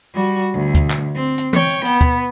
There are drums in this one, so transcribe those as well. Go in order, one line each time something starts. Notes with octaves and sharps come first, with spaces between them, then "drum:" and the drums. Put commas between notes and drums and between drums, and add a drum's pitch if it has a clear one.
G3 F#4
D2
drum: kick D2, hi-hat
drum: clap
C4
drum: hi-hat
C#5 G5, drum: tom E3
drum: hi-hat
B3, drum: hi-hat
drum: kick D2, hi-hat